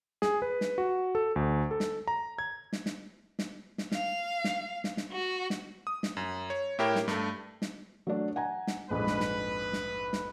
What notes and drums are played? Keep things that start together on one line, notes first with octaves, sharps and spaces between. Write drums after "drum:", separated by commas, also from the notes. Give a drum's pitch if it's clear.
G#4, drum: snare
B4
drum: snare
F#4
A4
D2
A4
drum: snare
A#5
G#6
drum: snare
drum: snare
drum: snare
drum: snare
F5, drum: snare
drum: snare
drum: snare
drum: snare
F#4
drum: snare
D#6
drum: snare
F#2
C#5
A2 E4 G4 A#4 C#5 G5
drum: snare
G2 A3, drum: snare
drum: snare
F#3 A3 D4
F#5 G#5 A#5
drum: snare
A#1 F2 G#2 B4
drum: snare
drum: snare
drum: snare
drum: snare